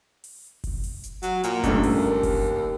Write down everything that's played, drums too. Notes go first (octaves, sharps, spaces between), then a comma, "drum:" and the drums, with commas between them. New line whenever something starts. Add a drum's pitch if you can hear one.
drum: open hi-hat
drum: kick F#1, open hi-hat
drum: open hi-hat
drum: hi-hat
F#3, drum: hi-hat
A#2, drum: hi-hat
C#2 G2 A3, drum: kick F#1, hi-hat
drum: open hi-hat
D#2
drum: kick F#1, open hi-hat